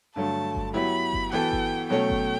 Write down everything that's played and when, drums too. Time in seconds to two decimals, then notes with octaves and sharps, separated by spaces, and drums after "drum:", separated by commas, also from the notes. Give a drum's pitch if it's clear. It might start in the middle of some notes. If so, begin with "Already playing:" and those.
0.16 G2 D3 F#3 A3 A5
0.55 drum: kick G1
0.74 F#3 B3 E4 G4 B5
1.13 drum: kick G1
1.32 E3 B3 F#4 A4 G5
1.52 drum: kick G1
1.90 B2 F#3 A3 C#4 G5
2.10 drum: kick G1